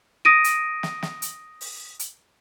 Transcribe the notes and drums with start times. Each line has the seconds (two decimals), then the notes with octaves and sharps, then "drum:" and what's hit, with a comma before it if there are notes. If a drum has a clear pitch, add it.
0.25 D#6 A#6 D7 D#7
0.44 drum: hi-hat
0.83 drum: snare
1.02 drum: snare
1.22 drum: hi-hat
1.61 drum: open hi-hat
1.99 drum: hi-hat